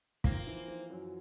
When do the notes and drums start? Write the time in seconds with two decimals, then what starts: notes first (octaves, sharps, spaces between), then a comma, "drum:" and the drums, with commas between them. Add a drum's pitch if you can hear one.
0.24 F3 A#3 C4, drum: kick
0.47 E3
0.68 F3
0.90 F#2 F#3